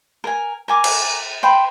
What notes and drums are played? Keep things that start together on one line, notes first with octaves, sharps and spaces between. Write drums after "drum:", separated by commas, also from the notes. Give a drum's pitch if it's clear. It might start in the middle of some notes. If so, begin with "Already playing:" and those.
A#4 G#5
A#4 G#5 D6
drum: cymbal
C5 G5 B5